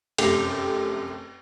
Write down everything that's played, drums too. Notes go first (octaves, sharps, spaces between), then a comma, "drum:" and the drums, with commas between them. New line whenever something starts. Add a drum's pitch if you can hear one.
F1 F#2 A3 G4 G5 F7, drum: cymbal